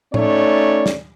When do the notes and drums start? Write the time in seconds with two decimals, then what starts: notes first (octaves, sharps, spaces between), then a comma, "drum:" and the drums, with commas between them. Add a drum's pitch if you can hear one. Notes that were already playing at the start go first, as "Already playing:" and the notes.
0.14 A3 C#4 D#4 C#5 D5, drum: tom A2
0.86 drum: snare